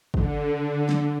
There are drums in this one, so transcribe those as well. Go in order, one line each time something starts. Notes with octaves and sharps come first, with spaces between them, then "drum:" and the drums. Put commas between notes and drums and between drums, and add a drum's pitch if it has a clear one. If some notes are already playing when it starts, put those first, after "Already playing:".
D3, drum: kick
drum: snare